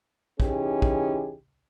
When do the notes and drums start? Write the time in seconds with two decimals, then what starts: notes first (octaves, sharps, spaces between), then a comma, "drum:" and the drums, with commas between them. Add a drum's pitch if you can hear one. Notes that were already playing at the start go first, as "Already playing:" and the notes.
0.40 E3 C#4 D#4 G4 G#4, drum: kick
0.82 drum: kick